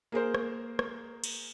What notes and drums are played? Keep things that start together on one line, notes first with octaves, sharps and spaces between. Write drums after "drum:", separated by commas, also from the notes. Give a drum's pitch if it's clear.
A#3 G#4 A#4 C5
drum: rim click
drum: rim click
drum: cymbal